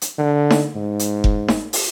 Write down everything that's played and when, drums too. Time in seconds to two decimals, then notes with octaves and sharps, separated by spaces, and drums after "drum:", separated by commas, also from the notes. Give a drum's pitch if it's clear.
0.02 drum: hi-hat
0.18 D3
0.50 drum: snare D#4
0.75 G#2
0.99 drum: hi-hat
1.24 drum: kick F1
1.48 drum: snare D#4
1.73 drum: open hi-hat